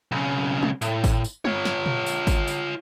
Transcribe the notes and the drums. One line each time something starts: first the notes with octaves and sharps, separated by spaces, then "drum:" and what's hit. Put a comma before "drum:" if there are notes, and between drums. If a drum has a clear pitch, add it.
B1 C#3
drum: tom
A2, drum: tambourine
drum: kick G#1, tambourine
drum: tambourine
F4 C#5, drum: tom
drum: snare
drum: tom A#2
drum: tambourine
drum: kick G#1, tambourine
drum: tambourine